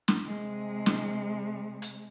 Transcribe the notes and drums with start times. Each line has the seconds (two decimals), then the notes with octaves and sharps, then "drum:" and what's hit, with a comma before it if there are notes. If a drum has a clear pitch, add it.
0.08 drum: snare
0.24 C3 G#3
0.86 drum: snare
1.82 drum: hi-hat